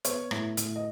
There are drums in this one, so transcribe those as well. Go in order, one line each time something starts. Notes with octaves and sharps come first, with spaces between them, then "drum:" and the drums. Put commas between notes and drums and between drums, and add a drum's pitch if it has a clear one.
B3 C#5, drum: hi-hat
A2, drum: rim click
A2, drum: hi-hat
D#5